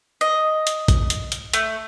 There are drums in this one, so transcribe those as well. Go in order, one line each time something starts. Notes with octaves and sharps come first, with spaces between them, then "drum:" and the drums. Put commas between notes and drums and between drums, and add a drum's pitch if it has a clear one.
D#5
drum: hi-hat
drum: kick A#1, hi-hat
drum: hi-hat
drum: hi-hat
A3, drum: hi-hat